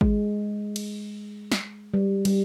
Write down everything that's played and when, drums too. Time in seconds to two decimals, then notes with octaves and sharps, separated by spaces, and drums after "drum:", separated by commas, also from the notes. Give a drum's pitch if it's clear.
0.01 G#3, drum: kick G#1
0.76 drum: cymbal
1.52 drum: snare
1.94 G3
2.25 G3, drum: cymbal